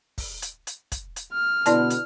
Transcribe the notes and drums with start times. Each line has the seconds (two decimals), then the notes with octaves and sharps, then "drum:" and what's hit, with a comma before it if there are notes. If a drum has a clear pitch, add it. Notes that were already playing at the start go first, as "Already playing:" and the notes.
0.18 drum: kick, open hi-hat
0.42 drum: hi-hat
0.67 drum: hi-hat
0.92 drum: kick, hi-hat
1.16 drum: hi-hat
1.33 F6
1.66 B2 D3 B3 E4 D5 A5, drum: hi-hat
1.90 drum: hi-hat